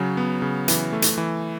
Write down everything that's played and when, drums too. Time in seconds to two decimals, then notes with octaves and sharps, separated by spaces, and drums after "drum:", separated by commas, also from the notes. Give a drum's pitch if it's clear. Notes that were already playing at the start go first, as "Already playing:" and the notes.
Already playing: C#3 F#3
0.17 B3
0.42 C#3
0.68 E3, drum: hi-hat
0.93 A3
1.02 drum: hi-hat
1.18 E3